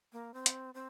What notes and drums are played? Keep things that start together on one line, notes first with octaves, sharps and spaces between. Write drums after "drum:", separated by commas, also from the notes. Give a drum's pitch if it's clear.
A#3
C4
drum: hi-hat
C4